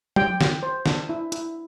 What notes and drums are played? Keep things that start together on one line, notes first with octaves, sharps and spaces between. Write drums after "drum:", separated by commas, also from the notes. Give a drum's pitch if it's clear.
G4 G5, drum: tom F#3
G4, drum: snare
C5
D4, drum: snare
E4
E4, drum: hi-hat